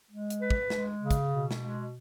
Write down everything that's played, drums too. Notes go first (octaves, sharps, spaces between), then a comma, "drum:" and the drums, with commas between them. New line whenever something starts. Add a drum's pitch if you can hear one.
G#3
drum: hi-hat
B4
drum: kick
G#3, drum: snare
C#3
drum: kick, hi-hat
B2
drum: snare
G#3